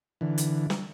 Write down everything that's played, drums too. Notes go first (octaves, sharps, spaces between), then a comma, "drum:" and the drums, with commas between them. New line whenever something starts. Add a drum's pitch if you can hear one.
D3 E3
drum: hi-hat
drum: snare